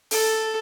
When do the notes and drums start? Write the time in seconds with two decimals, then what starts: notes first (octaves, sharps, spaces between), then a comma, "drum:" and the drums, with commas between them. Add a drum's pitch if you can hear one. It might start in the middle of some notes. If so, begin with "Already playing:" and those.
0.11 A4, drum: open hi-hat